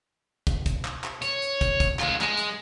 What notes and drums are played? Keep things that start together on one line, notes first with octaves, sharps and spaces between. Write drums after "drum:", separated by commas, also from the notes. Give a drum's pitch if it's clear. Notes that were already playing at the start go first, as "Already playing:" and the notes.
drum: kick, hi-hat
drum: kick, hi-hat
drum: clap
drum: clap
C#5, drum: hi-hat
drum: hi-hat
drum: kick, hi-hat
drum: kick, hi-hat
G#3 F4, drum: clap
G#3, drum: clap
drum: hi-hat